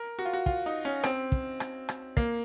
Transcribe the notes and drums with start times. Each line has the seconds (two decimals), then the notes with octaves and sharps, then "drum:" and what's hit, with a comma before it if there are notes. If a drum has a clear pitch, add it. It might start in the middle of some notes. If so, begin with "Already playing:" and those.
Already playing: A#4
0.19 F#4
0.25 F4
0.33 F#4
0.46 F4, drum: kick
0.66 D#4
0.85 C#4
1.04 C4, drum: rim click
1.32 drum: kick
1.60 drum: rim click
1.89 drum: rim click
2.17 A#3, drum: kick